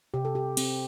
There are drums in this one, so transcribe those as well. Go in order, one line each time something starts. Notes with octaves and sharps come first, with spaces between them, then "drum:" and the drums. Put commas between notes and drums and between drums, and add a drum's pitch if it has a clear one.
C3 G4
A4
G4
C4, drum: cymbal